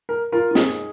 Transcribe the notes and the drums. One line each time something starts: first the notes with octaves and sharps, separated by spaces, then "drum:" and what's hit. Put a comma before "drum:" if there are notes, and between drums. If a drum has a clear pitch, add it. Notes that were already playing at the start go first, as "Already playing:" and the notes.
A#4
F4 A#4
F4
D#4 G#4, drum: snare